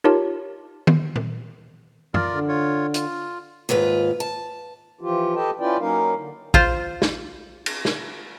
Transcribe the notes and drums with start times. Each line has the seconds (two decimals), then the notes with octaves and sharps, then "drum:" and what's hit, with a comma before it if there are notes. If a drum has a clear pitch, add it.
0.04 D#4 F4 G4 A#4 C#5 A5
0.87 drum: tom D#3
1.16 drum: tom A#2
2.14 F4 A#4 D5, drum: tom
2.31 D3
2.48 F4 C#5
2.94 F4, drum: hi-hat
3.69 D#2 G#2 F4 B4
4.20 A5
5.01 E3 F3 F4 G4
5.35 G4 A4 B4 D#5 G5 A5
5.60 C#4 E4 F4 B4 D5 G5
5.80 F#3 A#3 C#4 D#4 A#4 F5
6.16 D3
6.54 F4 C5, drum: kick
7.02 drum: snare
7.66 drum: cymbal
7.85 drum: snare